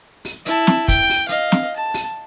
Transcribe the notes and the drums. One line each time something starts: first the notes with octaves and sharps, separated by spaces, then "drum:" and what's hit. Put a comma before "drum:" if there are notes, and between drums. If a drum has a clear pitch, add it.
drum: open hi-hat
E4 A5, drum: hi-hat
drum: snare
G5, drum: kick, hi-hat
drum: open hi-hat
D#5 F5, drum: hi-hat
drum: snare
A5
drum: open hi-hat